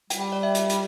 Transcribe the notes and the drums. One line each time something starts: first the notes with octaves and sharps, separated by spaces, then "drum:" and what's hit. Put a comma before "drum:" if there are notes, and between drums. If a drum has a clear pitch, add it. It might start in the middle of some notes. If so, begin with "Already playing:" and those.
G3 G5, drum: hi-hat
G5
D5
E5
drum: hi-hat
drum: hi-hat